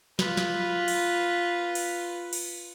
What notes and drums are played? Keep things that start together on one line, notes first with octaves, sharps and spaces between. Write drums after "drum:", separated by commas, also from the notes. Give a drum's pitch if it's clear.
F4 B4, drum: snare
drum: snare
drum: cymbal
drum: cymbal
drum: cymbal